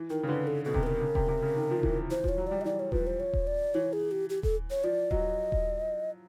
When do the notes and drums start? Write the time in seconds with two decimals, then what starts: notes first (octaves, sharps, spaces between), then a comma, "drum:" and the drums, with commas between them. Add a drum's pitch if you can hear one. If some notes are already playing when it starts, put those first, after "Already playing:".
Already playing: E3
0.10 D#3 A#4
0.23 C#3
0.28 D3 B4
0.47 A4
0.65 B2 A4
0.74 C3, drum: kick D#1
0.83 B4
0.87 A#4
1.01 C#3
1.15 C3, drum: kick D#1
1.28 C3
1.42 C#3
1.56 D#3
1.71 F3
1.83 E3, drum: kick D#1
2.11 E3 C5
2.24 F3 C#5, drum: kick D#1
2.38 F#3
2.47 G3 D5
2.61 D#5
2.65 E3 D5
2.79 C#5
2.92 F3 B4, drum: kick D#1
3.07 C5
3.20 C#5
3.33 drum: kick D#1
3.47 D5
3.74 E3 C#5
3.93 G#4
4.11 G4
4.30 G4
4.43 A4, drum: kick D#1
4.70 C#5
4.84 F3 D5
5.11 F#3 D#5, drum: kick D#1
5.52 drum: kick D#1